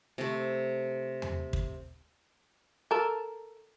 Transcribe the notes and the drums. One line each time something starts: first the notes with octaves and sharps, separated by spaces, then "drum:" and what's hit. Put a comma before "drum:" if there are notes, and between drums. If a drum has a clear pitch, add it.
C3 A3
drum: tom E2
drum: kick
A4 A#4